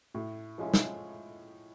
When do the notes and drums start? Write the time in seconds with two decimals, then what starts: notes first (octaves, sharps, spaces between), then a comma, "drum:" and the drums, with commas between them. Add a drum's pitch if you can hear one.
0.14 A2
0.58 F3 G#3 C#4 E4
0.74 drum: snare